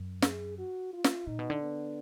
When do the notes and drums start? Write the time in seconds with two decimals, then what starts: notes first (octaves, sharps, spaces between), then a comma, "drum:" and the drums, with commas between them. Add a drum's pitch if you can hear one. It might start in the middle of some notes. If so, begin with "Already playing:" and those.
Already playing: F#2
0.22 G#4, drum: snare
0.58 F#4
0.93 F4
1.04 drum: snare
1.27 A#2 D#4
1.39 B2
1.50 D3
1.62 B3